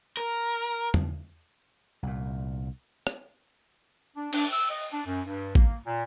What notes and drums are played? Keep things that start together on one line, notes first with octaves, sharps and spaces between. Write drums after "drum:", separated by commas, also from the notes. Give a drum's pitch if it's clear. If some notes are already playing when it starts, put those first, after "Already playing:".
A#4
drum: tom
C2 A#2
drum: rim click
D4
D4, drum: cymbal
E6
D#5
D4
F#2
G2
A#3, drum: kick
A#2